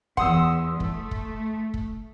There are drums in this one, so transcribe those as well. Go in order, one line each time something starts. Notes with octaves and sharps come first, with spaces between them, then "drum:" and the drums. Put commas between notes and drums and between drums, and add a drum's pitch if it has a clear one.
E2 F#5 C6 D#6 E6, drum: kick
A3, drum: kick
drum: kick
drum: kick